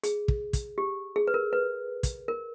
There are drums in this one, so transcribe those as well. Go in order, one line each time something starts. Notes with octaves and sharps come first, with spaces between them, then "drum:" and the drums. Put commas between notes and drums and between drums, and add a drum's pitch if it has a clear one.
G#4, drum: hi-hat
drum: kick
drum: kick, hi-hat
G4
G#4
B4
A#4
B4
drum: kick, hi-hat
A#4